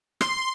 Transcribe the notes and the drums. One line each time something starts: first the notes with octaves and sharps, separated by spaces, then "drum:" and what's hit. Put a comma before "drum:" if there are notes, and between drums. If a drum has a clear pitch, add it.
C6, drum: rim click